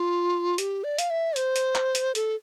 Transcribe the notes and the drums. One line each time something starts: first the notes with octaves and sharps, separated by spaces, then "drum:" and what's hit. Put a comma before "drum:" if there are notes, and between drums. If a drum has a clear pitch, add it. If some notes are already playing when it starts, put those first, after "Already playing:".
Already playing: F4
G4, drum: hi-hat
D5
F5, drum: hi-hat
E5
C5, drum: hi-hat
drum: hi-hat
drum: clap
drum: hi-hat
A4, drum: hi-hat